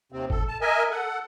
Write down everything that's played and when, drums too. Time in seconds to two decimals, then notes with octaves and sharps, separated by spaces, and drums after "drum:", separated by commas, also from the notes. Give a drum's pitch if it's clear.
0.12 D#2 C3 C4
0.30 A4, drum: kick
0.48 A5
0.61 A#4 D#5 E5 G#5
0.91 A4 F#5